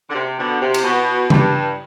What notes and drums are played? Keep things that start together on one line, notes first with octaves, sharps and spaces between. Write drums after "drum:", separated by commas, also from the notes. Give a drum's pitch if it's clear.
D3
C3
B2 D3
C3
drum: cymbal
B2
G2, drum: tom C#3